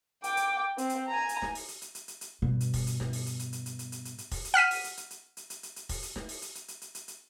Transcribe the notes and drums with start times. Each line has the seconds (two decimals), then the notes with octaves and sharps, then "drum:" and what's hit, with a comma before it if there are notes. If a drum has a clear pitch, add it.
0.24 G5 D6, drum: hi-hat
0.37 drum: hi-hat
0.78 C4, drum: hi-hat
0.89 drum: hi-hat
1.07 G#5 A#5
1.29 drum: hi-hat
1.42 drum: snare
1.55 drum: open hi-hat
1.68 drum: hi-hat
1.82 drum: hi-hat
1.95 drum: hi-hat
2.08 drum: hi-hat
2.21 drum: hi-hat
2.42 G2 B2
2.60 drum: hi-hat
2.74 drum: kick F1, open hi-hat
2.87 drum: hi-hat
3.00 drum: snare
3.13 drum: open hi-hat
3.26 drum: hi-hat
3.39 drum: hi-hat
3.53 drum: hi-hat
3.66 drum: hi-hat
3.79 drum: hi-hat
3.92 drum: hi-hat
4.05 drum: hi-hat
4.18 drum: hi-hat
4.32 drum: kick F1, open hi-hat
4.45 drum: hi-hat
4.54 F#5 F6 B6 D#7
4.71 drum: open hi-hat
4.84 drum: hi-hat
4.97 drum: hi-hat
5.10 drum: hi-hat
5.37 drum: hi-hat
5.50 drum: hi-hat
5.63 drum: hi-hat
5.76 drum: hi-hat
5.89 drum: kick F1, open hi-hat
6.03 drum: hi-hat
6.16 drum: snare
6.29 drum: open hi-hat
6.42 drum: hi-hat
6.55 drum: hi-hat
6.68 drum: hi-hat
6.81 drum: hi-hat
6.95 drum: hi-hat
7.08 drum: hi-hat